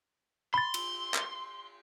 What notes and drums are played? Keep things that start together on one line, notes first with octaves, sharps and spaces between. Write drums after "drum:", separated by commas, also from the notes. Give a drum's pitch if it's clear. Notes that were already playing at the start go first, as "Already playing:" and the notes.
B5 C6 A6
drum: cymbal
drum: clap